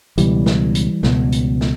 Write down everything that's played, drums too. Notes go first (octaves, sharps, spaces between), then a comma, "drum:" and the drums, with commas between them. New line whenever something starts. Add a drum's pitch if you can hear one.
C#2 B2 E3 G3, drum: hi-hat
drum: snare
drum: hi-hat
C#2 B2, drum: snare
drum: hi-hat
drum: snare